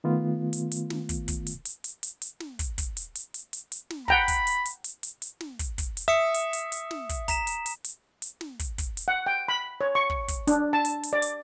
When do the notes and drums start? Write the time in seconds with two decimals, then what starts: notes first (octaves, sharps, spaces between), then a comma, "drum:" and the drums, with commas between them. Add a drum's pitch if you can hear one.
0.04 D#3 A3 B3 F4
0.53 drum: hi-hat
0.71 drum: hi-hat
0.90 drum: snare
1.09 drum: kick, hi-hat
1.28 drum: kick, hi-hat
1.47 drum: hi-hat
1.65 drum: hi-hat
1.84 drum: hi-hat
2.03 drum: hi-hat
2.22 drum: hi-hat
2.40 drum: snare
2.59 drum: kick, hi-hat
2.78 drum: kick, hi-hat
2.97 drum: hi-hat
3.15 drum: hi-hat
3.34 drum: hi-hat
3.53 drum: hi-hat
3.72 drum: hi-hat
3.90 drum: snare
4.08 F#5 G5 A#5 B5, drum: kick
4.28 drum: kick, hi-hat
4.47 drum: hi-hat
4.65 drum: hi-hat
4.84 drum: hi-hat
5.03 drum: hi-hat
5.22 drum: hi-hat
5.41 drum: snare
5.59 drum: kick, hi-hat
5.78 drum: kick, hi-hat
5.97 drum: hi-hat
6.08 E5 D#6 C#7
6.34 drum: hi-hat
6.53 drum: hi-hat
6.72 drum: hi-hat
6.91 drum: snare
7.09 drum: kick, hi-hat
7.28 A#5 B6 E7, drum: kick, hi-hat
7.47 drum: hi-hat
7.66 drum: hi-hat
7.84 drum: hi-hat
8.22 drum: hi-hat
8.41 drum: snare
8.59 drum: kick, hi-hat
8.78 drum: kick, hi-hat
8.97 drum: hi-hat
9.08 F#5
9.26 G5
9.48 B5
9.81 C#5
9.95 C#6
10.10 drum: kick
10.28 drum: kick, hi-hat
10.47 D4, drum: hi-hat
10.73 A5
10.85 drum: hi-hat
11.03 drum: hi-hat
11.13 D5
11.22 drum: hi-hat